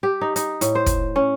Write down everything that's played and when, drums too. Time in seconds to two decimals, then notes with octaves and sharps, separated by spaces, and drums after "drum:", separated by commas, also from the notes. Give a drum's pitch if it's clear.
0.03 G4
0.21 D#4
0.36 D#4, drum: hi-hat
0.61 A2, drum: hi-hat
0.75 C5
0.86 drum: kick, hi-hat
1.16 C#4